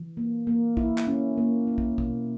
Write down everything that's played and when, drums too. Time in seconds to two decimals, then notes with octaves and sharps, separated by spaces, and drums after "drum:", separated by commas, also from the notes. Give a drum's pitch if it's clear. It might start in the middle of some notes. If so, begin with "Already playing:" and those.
Already playing: E3
0.17 A#3
0.47 A#3
0.77 E4, drum: kick
0.98 drum: clap
1.07 C#4
1.37 A#3
1.67 E4
1.78 drum: kick
1.98 B2, drum: kick